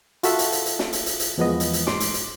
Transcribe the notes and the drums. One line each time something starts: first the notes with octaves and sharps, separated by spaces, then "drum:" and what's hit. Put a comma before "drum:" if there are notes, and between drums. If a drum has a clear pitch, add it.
F4 F#4 A4 E5, drum: hi-hat
drum: hi-hat
drum: hi-hat
drum: hi-hat
drum: snare
drum: hi-hat
drum: hi-hat
drum: hi-hat
E2 F3 G#3 B3 D#5
drum: hi-hat
drum: hi-hat
G#2 C6 D6, drum: snare
drum: hi-hat
drum: hi-hat